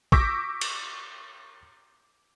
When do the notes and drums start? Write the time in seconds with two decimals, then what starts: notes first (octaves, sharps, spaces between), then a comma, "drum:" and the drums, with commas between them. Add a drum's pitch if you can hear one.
0.12 C#6 D6 E6 G6 A#6 B6, drum: kick A#1
0.61 drum: cymbal